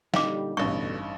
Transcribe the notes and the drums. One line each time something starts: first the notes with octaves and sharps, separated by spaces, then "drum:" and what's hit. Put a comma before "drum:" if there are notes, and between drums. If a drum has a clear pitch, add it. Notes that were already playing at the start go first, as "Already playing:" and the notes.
A#2 D3 G3 D#4 F5 D6, drum: snare
A1 G2 B2 D3 C#6